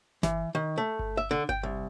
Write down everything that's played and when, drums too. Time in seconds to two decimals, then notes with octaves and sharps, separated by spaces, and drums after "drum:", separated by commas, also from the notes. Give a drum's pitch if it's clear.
0.23 E3, drum: snare G1
0.55 D#3
0.78 A3
0.99 drum: kick G1
1.17 E5
1.31 D3
1.49 G5, drum: kick G1
1.63 C2